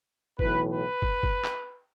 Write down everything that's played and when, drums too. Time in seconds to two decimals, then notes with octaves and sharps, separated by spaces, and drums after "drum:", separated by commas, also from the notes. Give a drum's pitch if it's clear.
0.39 B1 A2 E3 B4, drum: kick
0.71 B4
1.02 drum: kick
1.23 drum: kick
1.44 drum: clap